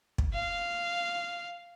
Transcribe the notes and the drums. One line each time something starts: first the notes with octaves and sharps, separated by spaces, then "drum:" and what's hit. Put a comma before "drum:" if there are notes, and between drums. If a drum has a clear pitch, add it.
drum: kick
F5